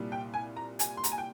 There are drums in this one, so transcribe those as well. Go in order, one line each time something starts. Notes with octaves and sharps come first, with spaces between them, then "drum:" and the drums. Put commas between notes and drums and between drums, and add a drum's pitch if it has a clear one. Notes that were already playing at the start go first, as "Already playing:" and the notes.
Already playing: C2 A#2 G3
G5
G#5
A#5
G#5, drum: hi-hat
C6
A#5, drum: hi-hat
G#5
G5